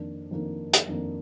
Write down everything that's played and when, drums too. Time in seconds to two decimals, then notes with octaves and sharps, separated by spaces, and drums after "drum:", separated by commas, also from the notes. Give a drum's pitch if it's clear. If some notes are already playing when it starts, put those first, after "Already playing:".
Already playing: F2 D#3 A#3 D4
0.31 F2 D#3 A#3 D4
0.73 drum: hi-hat
0.88 F2 D#3 A#3 D4